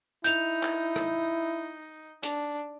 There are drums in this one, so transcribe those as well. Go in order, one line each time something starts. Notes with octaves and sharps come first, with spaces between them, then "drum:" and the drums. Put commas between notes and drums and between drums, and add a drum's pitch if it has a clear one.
D#4 E4 G6 F7, drum: hi-hat
drum: clap
drum: rim click
D4, drum: hi-hat